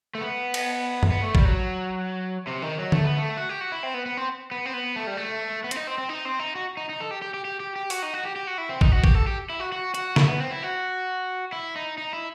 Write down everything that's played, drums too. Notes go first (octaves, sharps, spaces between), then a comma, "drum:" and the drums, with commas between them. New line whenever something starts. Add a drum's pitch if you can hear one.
A3
B3
drum: cymbal
drum: tom F#2
B3
A3
G3, drum: kick
F#3
C3
D#3
F#3
A3, drum: tom D3
B3
A3
F#4
G4
F#4
E4
C4
B3
B3
C4
B3
C4
B3
A3
G3
A3
B3
C4, drum: hi-hat
D#4
C4
C4
D#4
C4
D#4
F#4
D#4
D#4
A4
G4
G4
G4
G4
G4
G4
F#4, drum: open hi-hat
D#4
F#4
G4
G4
F#4
E4
C4
D#4, drum: kick
F#4
G4, drum: kick
A4
G4
E4
F#4
F#4
F#4, drum: hi-hat
E4, drum: snare
B3
C4
E4
F#4
E4
D#4
D#4
E4